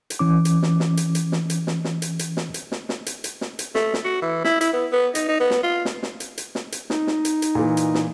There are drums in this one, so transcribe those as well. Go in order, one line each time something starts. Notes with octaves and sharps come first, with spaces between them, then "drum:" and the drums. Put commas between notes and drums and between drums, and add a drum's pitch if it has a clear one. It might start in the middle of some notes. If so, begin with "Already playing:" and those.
drum: hi-hat
E3 C#4 D6
drum: hi-hat
drum: snare
drum: snare
drum: hi-hat
drum: hi-hat
drum: snare
drum: hi-hat
drum: snare
drum: snare
drum: hi-hat
drum: hi-hat
drum: snare
drum: hi-hat
drum: snare
drum: snare
drum: hi-hat
drum: hi-hat
drum: snare
drum: hi-hat
A3, drum: snare
drum: snare
F#4
E3
E4, drum: snare
E4, drum: hi-hat
B3
B3
D#4, drum: hi-hat
D#4
B3
drum: snare
F4
drum: snare
drum: snare
drum: hi-hat
drum: hi-hat
drum: snare
drum: hi-hat
D#4, drum: snare
drum: snare
drum: hi-hat
drum: hi-hat
A#2 E3
drum: hi-hat
drum: snare